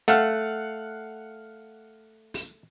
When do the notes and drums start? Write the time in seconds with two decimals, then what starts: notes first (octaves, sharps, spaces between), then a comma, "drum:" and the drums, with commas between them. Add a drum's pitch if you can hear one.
0.08 A3 F5 F#5, drum: hi-hat
2.34 drum: open hi-hat